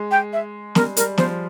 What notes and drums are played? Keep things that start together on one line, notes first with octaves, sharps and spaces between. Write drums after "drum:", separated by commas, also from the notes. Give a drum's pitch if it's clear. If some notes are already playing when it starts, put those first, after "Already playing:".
Already playing: G#3
G5
E5
G3 A#4, drum: snare
G3 A#4, drum: hi-hat
F3 C5, drum: snare